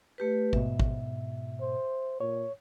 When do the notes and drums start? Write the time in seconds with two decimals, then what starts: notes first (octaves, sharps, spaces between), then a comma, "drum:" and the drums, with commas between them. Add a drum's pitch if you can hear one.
0.18 A3 G4 B4
0.53 G#2 B2 E5, drum: kick A1
0.80 drum: kick A1
1.61 C5
2.20 A#2 C#5